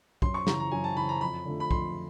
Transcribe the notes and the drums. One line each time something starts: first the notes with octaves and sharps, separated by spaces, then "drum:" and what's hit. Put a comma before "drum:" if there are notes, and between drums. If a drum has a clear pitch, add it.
F#2 C6, drum: kick
C#6
C#3 E3 A#5, drum: snare
A#5
F#2 G#5
A5
C#3 E3 B5
A#5
F2 B5
D3 F3 A3
B5
F2 C6, drum: kick